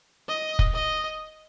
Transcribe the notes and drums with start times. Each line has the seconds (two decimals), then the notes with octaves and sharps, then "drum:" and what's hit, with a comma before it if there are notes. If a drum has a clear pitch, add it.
0.28 D#5
0.59 drum: kick
0.74 D#5